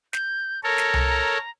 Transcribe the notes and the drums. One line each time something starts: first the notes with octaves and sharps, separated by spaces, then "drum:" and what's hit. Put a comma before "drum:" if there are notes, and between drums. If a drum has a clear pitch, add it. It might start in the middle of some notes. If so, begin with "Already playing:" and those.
G6, drum: snare
A4 A#4 C#5 A#6
drum: snare
drum: tom C2
A#5